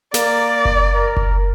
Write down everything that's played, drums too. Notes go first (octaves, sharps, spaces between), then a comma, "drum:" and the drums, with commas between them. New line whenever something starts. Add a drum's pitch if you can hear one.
A#3 D5, drum: snare
drum: kick F#1
A#4
drum: kick F#1